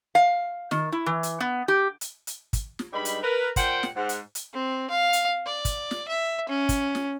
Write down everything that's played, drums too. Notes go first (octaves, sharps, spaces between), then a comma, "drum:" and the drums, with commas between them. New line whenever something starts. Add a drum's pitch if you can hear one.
F5
D#3, drum: snare
E4
E3
drum: hi-hat
B3
G4
drum: hi-hat
drum: hi-hat
drum: kick, hi-hat
drum: snare
G2 G3 G#3 D#4 B5
drum: hi-hat
A#4 B4
A#2 C5 F#5 G5, drum: kick, hi-hat
drum: snare
G#2 F#5
drum: hi-hat
drum: hi-hat
C4
F5
drum: hi-hat
D5
drum: kick, hi-hat
drum: snare
E5
C#4
drum: kick, hi-hat
drum: snare